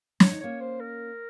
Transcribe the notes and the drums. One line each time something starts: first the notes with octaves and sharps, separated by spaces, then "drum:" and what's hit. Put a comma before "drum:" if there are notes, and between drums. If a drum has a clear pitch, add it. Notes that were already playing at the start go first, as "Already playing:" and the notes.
C#4 C#5, drum: snare
D#4
A#3 C#4 C#5
C5
A#4